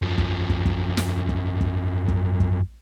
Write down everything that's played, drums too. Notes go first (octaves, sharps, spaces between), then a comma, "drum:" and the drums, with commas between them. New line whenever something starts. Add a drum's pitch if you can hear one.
F#2 F3
drum: kick
drum: kick
drum: kick
drum: snare
drum: kick
drum: kick
drum: kick
drum: kick